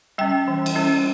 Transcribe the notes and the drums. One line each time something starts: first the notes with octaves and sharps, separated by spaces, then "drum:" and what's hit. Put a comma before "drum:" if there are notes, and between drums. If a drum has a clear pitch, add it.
G3 C#4 G5
E3
drum: cymbal
G3 C#4